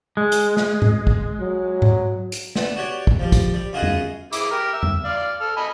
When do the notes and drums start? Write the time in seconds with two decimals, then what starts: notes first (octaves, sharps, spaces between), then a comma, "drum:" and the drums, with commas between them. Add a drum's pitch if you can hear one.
0.17 G#3
0.32 drum: hi-hat
0.57 drum: snare
0.82 drum: tom G#2
1.07 drum: kick
1.40 F#3
1.82 drum: tom G#2
2.32 drum: hi-hat
2.56 B3 D4, drum: snare
2.76 F#4 G4 C#5 D5
3.07 drum: kick
3.20 F3 G3
3.32 drum: kick, hi-hat
3.54 G3
3.73 F#2 F4 F#4 G#4 D#5 F#5
3.82 drum: tom F2
4.33 E4 G#4 D6, drum: hi-hat
4.51 G4 A#4
4.73 E5
4.83 drum: tom F2
5.04 D5 F5
5.41 A4 F6
5.56 D#5 G#5 B5